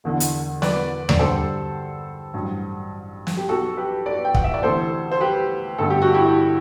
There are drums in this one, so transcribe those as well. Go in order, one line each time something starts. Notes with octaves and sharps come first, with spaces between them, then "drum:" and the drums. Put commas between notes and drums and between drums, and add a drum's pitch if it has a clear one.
E1 E2 D3
drum: hi-hat
B4 D5, drum: snare
D5, drum: tom D#2
G2 D3 G3 A4 C5
A1 G2 F#3
drum: snare
G4
B1 B2 F#3 B3 F#4 A4
G4 B4
B4 D5
G5
F#5, drum: kick
E5
D5
D2 C3 E3 A4 C5
C5
G4 B4
G1 G2 D3 A3 A4
G4
F#4
E4 G4